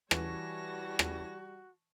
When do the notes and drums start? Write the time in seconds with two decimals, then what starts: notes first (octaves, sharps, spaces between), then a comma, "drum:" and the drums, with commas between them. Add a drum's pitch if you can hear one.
0.11 E3 G3 F#4 C#5 A5 A#6, drum: rim click
0.99 drum: rim click